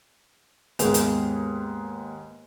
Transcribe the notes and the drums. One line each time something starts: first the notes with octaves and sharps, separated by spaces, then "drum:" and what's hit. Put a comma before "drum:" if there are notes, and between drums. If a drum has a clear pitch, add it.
D#2 G#2 B3 G#4 A#4 F7, drum: hi-hat
drum: hi-hat